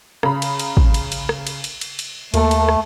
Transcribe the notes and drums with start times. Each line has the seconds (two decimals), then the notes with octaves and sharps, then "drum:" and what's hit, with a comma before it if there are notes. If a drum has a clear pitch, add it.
0.23 C#3 A#5 B5, drum: rim click
0.42 drum: cymbal
0.59 drum: cymbal
0.77 drum: kick
0.94 drum: cymbal
1.12 drum: cymbal
1.29 drum: rim click
1.47 drum: cymbal
1.64 drum: cymbal
1.81 drum: cymbal
1.99 drum: cymbal
2.34 D#2 A3 A#3 A4, drum: cymbal
2.51 drum: cymbal
2.69 drum: rim click